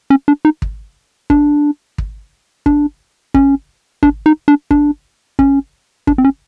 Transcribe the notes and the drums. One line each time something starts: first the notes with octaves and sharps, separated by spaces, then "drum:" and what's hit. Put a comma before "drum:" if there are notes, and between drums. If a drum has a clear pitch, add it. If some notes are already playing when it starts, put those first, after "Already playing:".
C#4
D4
D#4
drum: kick
D4, drum: kick
drum: kick
D4, drum: kick
C#4, drum: kick
D4, drum: kick
D#4
D4
D4, drum: kick
C#4, drum: kick
D4, drum: kick
C4
C#4